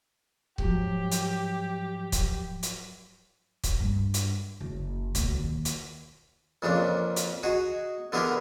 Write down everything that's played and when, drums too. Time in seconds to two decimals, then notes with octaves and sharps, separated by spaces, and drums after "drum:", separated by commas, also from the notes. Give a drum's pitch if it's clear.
0.58 G#2 F3 F#3 G4, drum: kick C#1
1.12 drum: hi-hat
2.12 drum: kick C#1, hi-hat
2.63 drum: hi-hat
3.64 drum: kick C#1, hi-hat
3.80 G2
4.14 drum: hi-hat
4.61 F#1
5.15 B1, drum: kick C#1, hi-hat
5.35 D#2
5.65 drum: hi-hat
6.62 F2 A#2 C#3 D4
7.16 drum: hi-hat
7.43 D#4 F#4 G#4
8.12 D3 B3 E4 G4 G#4 A#4